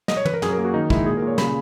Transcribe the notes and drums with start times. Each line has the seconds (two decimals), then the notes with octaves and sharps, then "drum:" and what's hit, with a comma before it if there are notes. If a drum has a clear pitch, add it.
0.08 D#5, drum: snare
0.17 C#5
0.25 B4, drum: tom
0.34 A#4
0.42 F#2 G#4, drum: snare
0.53 A#4
0.58 A#3
0.64 F#4
0.74 D#3 D#4
0.90 G#3 E4, drum: kick
1.06 A#2 G#4
1.17 A#4
1.22 A#2
1.27 C#5
1.38 C#3 B5, drum: snare